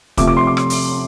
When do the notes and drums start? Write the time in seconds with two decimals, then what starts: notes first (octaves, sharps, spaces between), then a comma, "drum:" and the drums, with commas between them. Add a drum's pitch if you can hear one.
0.17 C3 F3 A3 D6, drum: kick, hi-hat
0.28 D6
0.37 C6
0.47 D6
0.57 drum: rim click
0.70 drum: open hi-hat